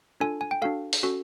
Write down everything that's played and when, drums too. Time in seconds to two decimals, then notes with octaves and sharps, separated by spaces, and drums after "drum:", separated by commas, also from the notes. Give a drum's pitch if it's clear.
0.20 D4 F4 A4 G#5
0.41 G#5
0.51 G5
0.62 D4 F#4 A4 F5
0.93 drum: open hi-hat
1.03 C#4 F#4 A4